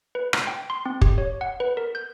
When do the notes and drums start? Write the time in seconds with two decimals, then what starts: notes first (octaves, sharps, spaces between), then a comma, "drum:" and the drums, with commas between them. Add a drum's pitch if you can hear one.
0.15 B4
0.33 drum: rim click
0.47 G5
0.70 C6
0.86 C4
1.01 G4, drum: kick
1.18 C#5
1.41 F#5
1.60 B4
1.77 A#4
1.95 G6